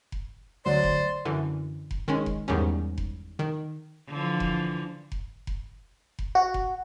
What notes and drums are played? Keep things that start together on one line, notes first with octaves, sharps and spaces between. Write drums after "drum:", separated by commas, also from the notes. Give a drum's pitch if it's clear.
drum: kick F1
D2 F#3 C5 D5
drum: kick F1
F#2 D3 E3
drum: kick F1
D#3 G#3 C#4
drum: kick F1
E2 G#2 D#3 G3 C#4
drum: kick F1
D#3
D3 E3 F3
drum: kick F1
drum: kick F1
drum: kick F1
drum: kick F1
F#4
drum: kick F1